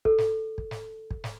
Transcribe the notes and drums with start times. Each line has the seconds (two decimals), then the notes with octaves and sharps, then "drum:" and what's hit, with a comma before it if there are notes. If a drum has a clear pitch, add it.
0.05 A4, drum: kick
0.18 drum: snare
0.58 drum: kick
0.71 drum: snare
1.11 drum: kick
1.24 drum: snare